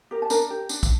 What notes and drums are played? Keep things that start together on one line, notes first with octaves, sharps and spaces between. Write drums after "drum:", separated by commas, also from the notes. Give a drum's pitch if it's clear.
G4 A#4
A5
D4 A#4 A#5, drum: tambourine
G4 A#4
D4, drum: tambourine
drum: kick, tambourine